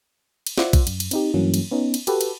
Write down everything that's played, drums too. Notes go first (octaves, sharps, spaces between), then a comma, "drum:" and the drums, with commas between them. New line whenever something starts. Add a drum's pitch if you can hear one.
drum: cymbal
F4 C5 D5 E5 F#5, drum: snare
drum: kick A#1, cymbal
F#2, drum: cymbal
drum: cymbal
C4 D#4 G4, drum: cymbal
G2 E3 F#3 A#3 C#4
drum: cymbal
B3 C#4 D#4
drum: cymbal
F#4 G4 A4 B4, drum: cymbal
drum: cymbal